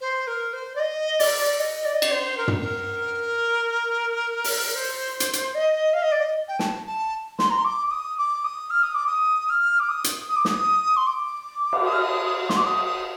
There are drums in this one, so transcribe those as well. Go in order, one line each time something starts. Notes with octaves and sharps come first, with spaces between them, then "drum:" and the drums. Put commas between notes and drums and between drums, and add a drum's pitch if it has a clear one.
C5
A#4
C5
D5
D#5
D5, drum: open hi-hat
D#5
D5
D#5
D5, drum: cymbal
C5
A#4
drum: tom
A#4
drum: open hi-hat
C5
drum: hi-hat
drum: hi-hat
D#5
F5
D#5
D5
D#5
G5
A5, drum: snare
A5
C6, drum: snare
A#5
C6
D6
D6
D#6
D6
D#6
F6
D#6
D6
D#6
F6
D6
D#6
drum: hi-hat
D#6
D6
D#6, drum: snare
C6
D6
drum: cymbal
D#6
F6
D#6
D#6
C6, drum: snare
D6
D#6
D#6